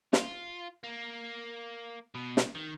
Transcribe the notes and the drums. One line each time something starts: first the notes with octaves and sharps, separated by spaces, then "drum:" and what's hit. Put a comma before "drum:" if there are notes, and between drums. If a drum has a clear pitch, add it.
F4, drum: snare
A#3
B2
drum: snare
D#3